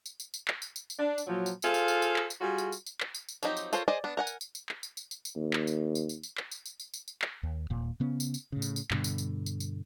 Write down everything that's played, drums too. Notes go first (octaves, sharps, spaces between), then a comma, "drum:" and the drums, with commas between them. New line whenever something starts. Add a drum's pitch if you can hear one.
drum: tambourine
drum: tambourine
drum: tambourine
drum: clap
drum: tambourine
drum: tambourine
drum: tambourine
D4
drum: tambourine
A#2 F3 F#3
drum: tambourine
F4 G#4 A4 C5 F5, drum: tambourine
drum: tambourine
drum: tambourine
drum: tambourine
drum: clap
drum: tambourine
G3 F4 F#4 G#4
drum: tambourine
drum: tambourine
drum: tambourine
drum: clap
drum: tambourine
drum: tambourine
F3 F#3 C4 D#4 G4, drum: tambourine
drum: tambourine
F4 A4 A#4 C5 C#5, drum: tambourine
G#4 C5 D5 D#5 G#5
B3 D4
A#4 F#5 G#5
drum: tambourine
drum: tambourine
drum: tambourine
drum: clap
drum: tambourine
drum: tambourine
drum: tambourine
drum: tambourine
D#2
drum: clap
drum: tambourine
drum: tambourine
drum: tambourine
drum: tambourine
drum: clap
drum: tambourine
drum: tambourine
drum: tambourine
drum: tambourine
drum: tambourine
drum: clap
D#2
D#1 A#2
C#3 B3 C#4
drum: tambourine
drum: tambourine
A2 C#3
drum: tambourine
drum: tambourine
G2 B2 D3, drum: clap
drum: tambourine
drum: tambourine
drum: tambourine
drum: tambourine